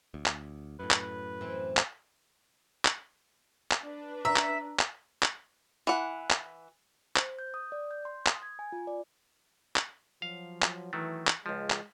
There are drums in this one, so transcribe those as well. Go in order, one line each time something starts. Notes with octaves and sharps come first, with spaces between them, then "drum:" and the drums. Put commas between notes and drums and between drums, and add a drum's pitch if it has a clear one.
D2
drum: clap
F#2 A2 B4
drum: clap
E3 C4
drum: clap
drum: clap
drum: clap
D4 B4
E5 A#5
drum: clap
drum: clap
drum: clap
E3 F#5
drum: clap
C5, drum: clap
G6
D#6
D5
G6
C6
D#6, drum: clap
G#6
G#5
F4
D5
drum: clap
F3 F#3 F5
drum: clap
D#3 E3 F#3 A3
drum: clap
C#2 F3 G#3
drum: clap